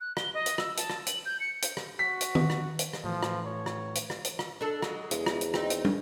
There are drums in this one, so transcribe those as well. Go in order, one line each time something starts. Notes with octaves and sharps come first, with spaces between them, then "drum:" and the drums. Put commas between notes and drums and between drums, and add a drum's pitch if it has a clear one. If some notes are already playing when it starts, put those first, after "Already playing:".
F#6
G7, drum: rim click
D#5
drum: hi-hat
E6, drum: rim click
A5, drum: hi-hat
drum: rim click
F#7, drum: hi-hat
G6
C#7
drum: hi-hat
drum: rim click
F#4 B6
drum: hi-hat
drum: tom D#3
drum: rim click
drum: hi-hat
drum: rim click
A2 E3 F3
drum: rim click
C#5
drum: rim click
drum: hi-hat
drum: rim click
drum: hi-hat
drum: rim click
D4 A4
F#3 G#3, drum: rim click
E2 G#3, drum: hi-hat
drum: rim click
drum: hi-hat
C4 D#4, drum: rim click
drum: hi-hat
drum: tom